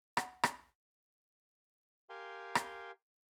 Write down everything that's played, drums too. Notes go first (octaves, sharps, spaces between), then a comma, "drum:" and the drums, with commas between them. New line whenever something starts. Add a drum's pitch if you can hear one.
F#5, drum: rim click
drum: rim click
G4 A#4 F5 G5 G#5 C6
drum: rim click